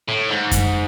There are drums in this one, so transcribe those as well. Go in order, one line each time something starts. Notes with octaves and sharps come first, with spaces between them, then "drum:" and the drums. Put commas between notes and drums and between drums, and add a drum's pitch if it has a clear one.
A2
G#2
drum: kick F#2, hi-hat